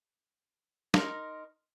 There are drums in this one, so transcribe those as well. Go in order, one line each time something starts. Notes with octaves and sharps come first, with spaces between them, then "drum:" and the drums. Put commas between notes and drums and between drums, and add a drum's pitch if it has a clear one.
D#4 A#4 C6, drum: snare